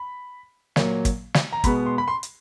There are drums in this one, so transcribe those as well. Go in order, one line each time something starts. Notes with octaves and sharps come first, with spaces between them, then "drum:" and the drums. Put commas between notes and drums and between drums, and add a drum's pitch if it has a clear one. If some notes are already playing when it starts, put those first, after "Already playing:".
Already playing: B5
A#2 F#3 A#3, drum: snare
drum: kick, hi-hat
drum: snare
A#5
B2 G#3 B3 B5, drum: kick, hi-hat
C6
B5
C6
drum: hi-hat